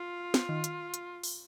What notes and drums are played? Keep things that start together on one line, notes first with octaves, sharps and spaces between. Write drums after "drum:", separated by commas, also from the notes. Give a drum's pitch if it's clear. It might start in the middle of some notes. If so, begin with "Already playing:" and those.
Already playing: F4
drum: snare
D#3
drum: hi-hat
drum: hi-hat
drum: open hi-hat